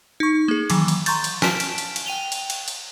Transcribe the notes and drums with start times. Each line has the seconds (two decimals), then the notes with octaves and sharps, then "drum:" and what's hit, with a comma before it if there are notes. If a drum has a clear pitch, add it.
0.20 D#4 C#6
0.48 A#3 G#4
0.70 D#3 E3 F#3 D6, drum: cymbal
0.88 drum: cymbal
1.06 A#5 C6 C#6 G6 A6, drum: cymbal
1.24 drum: cymbal
1.42 G#5 A5 F6 B6 D7 E7, drum: snare
1.60 drum: cymbal
1.78 drum: cymbal
1.96 drum: cymbal
2.06 G5 D#7 F7 G7
2.32 drum: cymbal
2.50 drum: cymbal
2.68 drum: cymbal